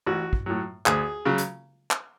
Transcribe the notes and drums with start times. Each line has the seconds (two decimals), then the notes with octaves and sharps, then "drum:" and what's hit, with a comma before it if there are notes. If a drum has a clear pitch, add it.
0.06 A1 F#4
0.33 drum: kick
0.46 A2 F#3
0.86 D2 G#4, drum: clap
1.25 C#3 F#3
1.38 drum: hi-hat
1.91 drum: clap